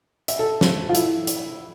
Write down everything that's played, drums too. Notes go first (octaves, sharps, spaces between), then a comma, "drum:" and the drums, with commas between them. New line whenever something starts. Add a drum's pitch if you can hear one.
E5, drum: hi-hat
A4
drum: snare
F4
E4, drum: hi-hat
drum: hi-hat